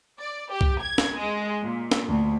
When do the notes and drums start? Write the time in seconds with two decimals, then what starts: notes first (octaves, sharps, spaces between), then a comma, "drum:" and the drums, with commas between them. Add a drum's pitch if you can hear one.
0.19 D5
0.52 G4
0.61 drum: kick
0.81 G#6
0.98 drum: snare
1.17 G#3
1.62 A#2
1.92 drum: snare
2.08 D2